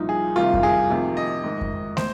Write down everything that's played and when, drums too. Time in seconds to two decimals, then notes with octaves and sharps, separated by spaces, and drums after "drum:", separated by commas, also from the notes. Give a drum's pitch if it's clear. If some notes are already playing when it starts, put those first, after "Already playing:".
Already playing: C2 A#2 F3 D#4
0.09 G#4
0.36 C2 C3 D#3 F4
0.54 drum: kick F2
0.63 G#4
0.89 F2 C3 D#3
1.17 D#5
1.43 G#2 D#3
1.61 drum: kick F2
1.97 C5, drum: snare